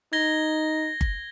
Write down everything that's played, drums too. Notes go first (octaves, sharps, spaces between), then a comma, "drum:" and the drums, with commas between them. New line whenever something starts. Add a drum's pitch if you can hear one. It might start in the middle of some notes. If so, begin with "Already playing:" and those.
D#4 G#6 A#6 G7
drum: kick G1